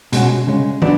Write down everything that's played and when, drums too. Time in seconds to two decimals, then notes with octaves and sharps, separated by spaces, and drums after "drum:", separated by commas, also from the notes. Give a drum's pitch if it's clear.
0.12 B2 G#3 C#4 F#4, drum: hi-hat
0.47 C#3 G#3 C#4
0.82 F#3 B3 D4, drum: tom